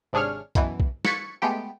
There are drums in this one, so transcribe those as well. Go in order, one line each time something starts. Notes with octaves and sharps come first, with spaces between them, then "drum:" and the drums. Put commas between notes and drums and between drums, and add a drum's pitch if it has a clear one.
G#1 C3 D4 G#4 C#5 F6
F#2 B2 E3, drum: kick B1, hi-hat
drum: kick B1
C#6 F#6 G#6 A6 B6 C#7, drum: snare
G#3 A3 B3 G4 G5